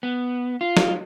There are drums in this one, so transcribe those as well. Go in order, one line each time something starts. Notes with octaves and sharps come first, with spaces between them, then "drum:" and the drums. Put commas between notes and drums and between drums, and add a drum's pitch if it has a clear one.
B3
F4
drum: snare